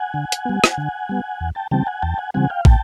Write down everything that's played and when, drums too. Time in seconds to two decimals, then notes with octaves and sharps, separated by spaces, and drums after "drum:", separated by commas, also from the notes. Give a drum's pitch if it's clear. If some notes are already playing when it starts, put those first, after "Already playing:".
Already playing: F#5 G#5
0.14 D3
0.32 drum: hi-hat
0.46 G3 B3
0.64 drum: rim click
0.78 D3
1.09 G3 B3
1.41 E2
1.55 G5 A5
1.71 C#3 E3 G3 C4 G5 A5
1.87 F#5 G#5
2.02 E2 G5 A5
2.18 F#5 G#5
2.34 C#3 E3 G3 C4 F#5 G#5
2.50 F5 G5
2.65 A2 G5 A5, drum: kick